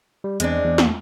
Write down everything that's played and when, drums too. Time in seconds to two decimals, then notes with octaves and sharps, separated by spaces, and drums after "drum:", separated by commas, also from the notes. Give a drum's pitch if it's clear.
0.24 G3
0.40 E2 G#3 C4 D4, drum: hi-hat
0.64 E2
0.78 drum: snare